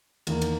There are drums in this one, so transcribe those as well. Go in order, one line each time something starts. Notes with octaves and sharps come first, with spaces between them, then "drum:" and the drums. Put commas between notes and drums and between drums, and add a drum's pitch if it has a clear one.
E2 D#3 A#3, drum: cymbal
drum: cymbal